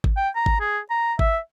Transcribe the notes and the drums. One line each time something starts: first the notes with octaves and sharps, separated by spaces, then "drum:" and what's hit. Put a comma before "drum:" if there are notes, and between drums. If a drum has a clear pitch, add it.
drum: kick G#1
G5
A#5
drum: kick G#1
G#4
A#5
E5, drum: kick G#1